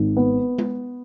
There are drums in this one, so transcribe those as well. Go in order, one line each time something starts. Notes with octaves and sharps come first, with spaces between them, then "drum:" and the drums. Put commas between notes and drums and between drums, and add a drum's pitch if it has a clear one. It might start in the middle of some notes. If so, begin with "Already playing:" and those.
Already playing: G#1 G#2
B3
drum: tom G#3